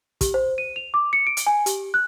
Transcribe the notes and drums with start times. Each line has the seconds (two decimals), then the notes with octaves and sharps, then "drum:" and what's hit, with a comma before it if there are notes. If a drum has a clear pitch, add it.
0.21 G4, drum: kick, hi-hat
0.34 C5
0.58 D#7
0.76 F7
0.94 D6
1.13 C#7
1.27 D7
1.37 drum: hi-hat
1.47 G#5
1.66 G4, drum: hi-hat
1.94 F#6